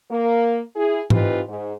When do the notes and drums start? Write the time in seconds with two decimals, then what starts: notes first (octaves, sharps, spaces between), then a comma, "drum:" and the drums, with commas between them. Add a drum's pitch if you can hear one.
0.11 A#3
0.76 E4 G#4
1.10 E3 C4 D#4 F4 G4 B4, drum: tom G#2
1.49 G#2